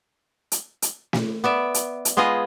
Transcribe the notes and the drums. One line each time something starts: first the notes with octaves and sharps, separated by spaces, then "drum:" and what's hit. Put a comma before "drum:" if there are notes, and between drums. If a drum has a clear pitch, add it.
drum: hi-hat
drum: hi-hat
drum: snare
B3 D5 E5
drum: hi-hat
drum: hi-hat
G#3 B3 F4 G#4 D#5